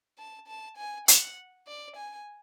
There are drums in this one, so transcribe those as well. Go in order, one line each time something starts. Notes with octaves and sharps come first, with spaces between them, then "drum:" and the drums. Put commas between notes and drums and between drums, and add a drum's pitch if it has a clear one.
A5
A5
G#5
F#5, drum: hi-hat
D5
G#5